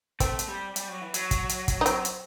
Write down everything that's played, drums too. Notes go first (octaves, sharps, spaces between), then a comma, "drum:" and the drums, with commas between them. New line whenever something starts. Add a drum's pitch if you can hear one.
A3 C4, drum: kick, hi-hat
drum: hi-hat
G3
G3, drum: hi-hat
F#3
E3
F#3, drum: hi-hat
drum: kick, hi-hat
drum: hi-hat
drum: kick, hi-hat
D#4
C4, drum: hi-hat
drum: hi-hat